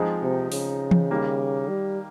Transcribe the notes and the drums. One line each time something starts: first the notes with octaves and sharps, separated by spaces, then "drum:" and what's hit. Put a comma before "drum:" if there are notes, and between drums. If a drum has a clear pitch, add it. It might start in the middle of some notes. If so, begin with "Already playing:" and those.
Already playing: F3 G#3 C4 D#4 G#4
C3
C#3, drum: open hi-hat
drum: tom E3
D#3 G3 A#3 D#4
G3